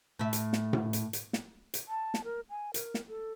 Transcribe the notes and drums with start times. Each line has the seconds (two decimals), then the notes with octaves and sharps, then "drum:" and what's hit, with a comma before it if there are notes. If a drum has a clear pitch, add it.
0.19 A2 E5
0.33 drum: hi-hat
0.53 drum: snare
0.73 drum: tom A2
0.93 drum: hi-hat
1.13 drum: hi-hat
1.33 drum: snare
1.74 drum: hi-hat
1.88 A5
2.14 drum: snare
2.24 A#4
2.50 G#5
2.74 A#4, drum: hi-hat
2.94 drum: snare
3.08 A4